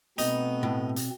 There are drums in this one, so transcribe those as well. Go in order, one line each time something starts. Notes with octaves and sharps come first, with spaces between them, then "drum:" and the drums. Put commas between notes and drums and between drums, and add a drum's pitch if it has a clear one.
B2 A3 B3 C4 D#4, drum: hi-hat
A2
drum: hi-hat